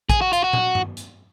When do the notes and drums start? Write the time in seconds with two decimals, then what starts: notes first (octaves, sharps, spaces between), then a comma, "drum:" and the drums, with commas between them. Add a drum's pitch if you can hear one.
0.10 G#4, drum: kick, hi-hat
0.21 F#4
0.33 F4, drum: hi-hat
0.44 F#4
0.53 drum: tom
0.75 drum: tom G2
0.97 drum: hi-hat